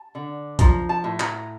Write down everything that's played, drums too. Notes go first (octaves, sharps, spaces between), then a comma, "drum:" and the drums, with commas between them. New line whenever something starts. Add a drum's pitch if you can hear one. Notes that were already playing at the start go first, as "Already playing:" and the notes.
Already playing: A5
D3
F3 A#5, drum: kick, hi-hat
A5
A2
A#5, drum: clap